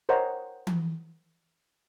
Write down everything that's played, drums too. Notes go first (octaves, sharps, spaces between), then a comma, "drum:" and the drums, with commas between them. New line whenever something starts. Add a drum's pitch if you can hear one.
A#4 C5 C#5 D#5 F#5 A#5
drum: tom E3